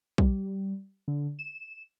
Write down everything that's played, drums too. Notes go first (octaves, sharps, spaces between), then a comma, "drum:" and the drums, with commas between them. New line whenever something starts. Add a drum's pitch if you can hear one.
G3, drum: kick
D3
E7